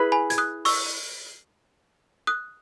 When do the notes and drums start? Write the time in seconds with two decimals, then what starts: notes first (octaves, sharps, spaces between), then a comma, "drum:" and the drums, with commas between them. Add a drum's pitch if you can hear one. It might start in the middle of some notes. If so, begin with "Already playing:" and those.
Already playing: E4 G#4 B4
0.12 G#5 B5
0.30 G#6, drum: hi-hat
0.38 D#6 F#6
0.65 C#6 E6, drum: open hi-hat
2.27 D#6 F#6